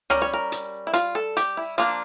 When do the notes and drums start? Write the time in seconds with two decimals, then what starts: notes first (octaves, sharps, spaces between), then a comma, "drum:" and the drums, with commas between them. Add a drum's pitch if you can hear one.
0.10 G3 C#4 A#4, drum: rim click
0.22 C#5
0.33 A#4
0.52 drum: hi-hat
0.87 E4
0.93 F4, drum: hi-hat
1.15 A4
1.37 G4, drum: hi-hat
1.57 E4
1.78 F3 A#3 D4 F4, drum: hi-hat